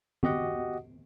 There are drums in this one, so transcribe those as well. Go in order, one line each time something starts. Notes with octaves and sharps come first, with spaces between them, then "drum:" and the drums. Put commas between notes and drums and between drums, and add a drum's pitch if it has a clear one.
F#4 G4 D#5 F#5, drum: tom